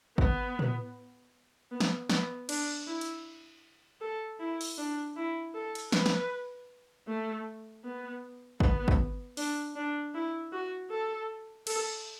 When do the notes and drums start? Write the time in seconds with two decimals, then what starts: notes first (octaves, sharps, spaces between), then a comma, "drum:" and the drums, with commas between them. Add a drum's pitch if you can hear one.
0.18 B3, drum: kick G#1
0.59 drum: tom
1.71 B3
1.80 drum: snare
2.10 B3, drum: snare
2.49 D4, drum: cymbal
2.87 E4
3.01 drum: hi-hat
4.01 A4
4.40 E4
4.61 drum: open hi-hat
4.78 D4
5.17 E4
5.54 A4
5.75 drum: cymbal
5.92 B4, drum: snare
6.06 drum: snare
7.08 A3
7.84 B3
8.60 B3, drum: kick G#1
8.88 drum: kick G#1
9.37 D4, drum: open hi-hat
9.76 D4
10.14 E4
10.52 F#4
10.90 A4
11.67 A4, drum: cymbal